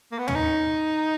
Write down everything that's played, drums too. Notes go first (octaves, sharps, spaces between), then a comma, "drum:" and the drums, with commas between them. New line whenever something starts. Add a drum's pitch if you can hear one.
A#3
B3
C#4, drum: tom
D#4